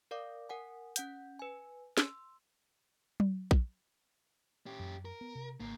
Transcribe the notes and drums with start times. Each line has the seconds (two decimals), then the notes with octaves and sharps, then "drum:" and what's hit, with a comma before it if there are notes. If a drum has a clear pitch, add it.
0.11 A#4 D5 F5 D6
0.49 A#4 F#5 G#5
0.96 C#4 F#5 G6, drum: hi-hat
1.39 B4 G#5
1.97 C6 E6, drum: snare
3.20 drum: tom F#3
3.51 drum: kick A#1
4.66 C#4 G4
4.79 F#2
5.05 A#4
5.21 B3
5.35 C3
5.60 G#1 C#2 A#3